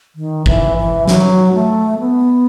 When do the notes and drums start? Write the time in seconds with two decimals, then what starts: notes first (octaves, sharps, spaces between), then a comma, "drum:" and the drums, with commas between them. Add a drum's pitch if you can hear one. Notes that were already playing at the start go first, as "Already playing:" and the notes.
0.15 D#3
0.46 E3, drum: kick G#1
0.77 E3
1.08 F#3, drum: snare
1.53 A3
1.99 B3